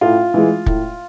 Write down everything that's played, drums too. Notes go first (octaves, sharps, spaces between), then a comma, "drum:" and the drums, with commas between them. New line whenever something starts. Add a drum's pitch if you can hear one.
A2 F4
E3 G#3
A2, drum: kick